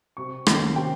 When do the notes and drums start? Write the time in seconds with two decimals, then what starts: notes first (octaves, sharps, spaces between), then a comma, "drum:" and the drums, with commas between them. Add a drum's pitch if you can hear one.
0.17 C3 C#6
0.46 D#3 A#3 C#4 C6, drum: rim click
0.76 C3 G5